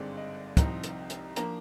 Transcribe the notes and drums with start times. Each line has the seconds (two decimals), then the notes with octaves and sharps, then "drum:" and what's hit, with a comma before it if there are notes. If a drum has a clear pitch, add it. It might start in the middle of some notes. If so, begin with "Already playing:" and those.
Already playing: G#1 G2 D3 G#3 C4 D5
0.17 D#5
0.57 C2 C3 F3 C4 D#4 A#5, drum: kick, hi-hat
0.83 drum: hi-hat
1.10 drum: hi-hat
1.36 F3 A#3 D4 A#5, drum: hi-hat